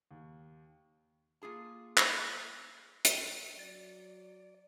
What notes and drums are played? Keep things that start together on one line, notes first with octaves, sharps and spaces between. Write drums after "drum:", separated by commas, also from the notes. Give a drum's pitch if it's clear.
D#2
A#3 F4 G#4 A5
drum: clap
drum: hi-hat
F#3 D5